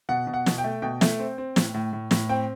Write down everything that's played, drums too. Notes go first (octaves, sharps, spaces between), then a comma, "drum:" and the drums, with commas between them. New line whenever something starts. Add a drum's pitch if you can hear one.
B2 F#5
B2
F#5
B2, drum: snare
G5
A3
B2 G5
A3, drum: snare
C4
C4
A2, drum: snare
A2
A2
A2, drum: snare
C4 G5